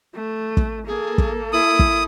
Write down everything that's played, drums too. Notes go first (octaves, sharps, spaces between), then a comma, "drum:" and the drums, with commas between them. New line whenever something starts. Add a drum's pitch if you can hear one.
A3
drum: kick
A#3 G#4 A4
drum: kick
E4 D#6
drum: kick